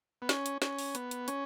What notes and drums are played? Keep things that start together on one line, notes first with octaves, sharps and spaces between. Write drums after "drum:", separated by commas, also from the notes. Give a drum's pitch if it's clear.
B3
C#4, drum: snare
drum: hi-hat
C#4, drum: snare
drum: open hi-hat
B3, drum: hi-hat
drum: hi-hat
C#4, drum: hi-hat